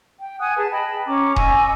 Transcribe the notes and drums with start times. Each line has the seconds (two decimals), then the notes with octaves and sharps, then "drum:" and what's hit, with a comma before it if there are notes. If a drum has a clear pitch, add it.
0.19 G5
0.40 F#5 G#5 D#6 F#6
0.57 G#4 B4 A5
0.71 D#5 G5 A5 B5
1.07 C#4 A#5 D6
1.36 D#5 G#5 C#6 E6, drum: kick D#1